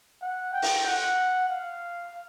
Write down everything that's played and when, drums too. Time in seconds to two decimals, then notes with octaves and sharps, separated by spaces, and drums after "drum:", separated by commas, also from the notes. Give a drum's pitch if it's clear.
0.22 F#5
0.53 G5
0.62 drum: open hi-hat
0.86 F#5
1.49 F5